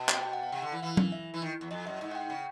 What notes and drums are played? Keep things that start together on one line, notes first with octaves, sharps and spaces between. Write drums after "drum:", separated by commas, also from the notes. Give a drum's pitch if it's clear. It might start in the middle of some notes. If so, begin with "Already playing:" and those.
Already playing: B2
G5, drum: clap
G5
F#5
F5
C3 F#5
D3
E3
E3 F5
drum: tom F#3
E5
E3
D#3
E2
F2 D#5
F#2 E5
G#2
F#5
G5
C#3 G5